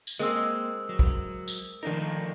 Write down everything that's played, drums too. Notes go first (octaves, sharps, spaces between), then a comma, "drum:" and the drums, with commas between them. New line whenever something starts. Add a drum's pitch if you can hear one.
drum: tambourine
G#3 A#3 C4 A#4 E6
F#3
drum: kick
drum: tambourine
D#3 F3 A3 D4 D#4 A#4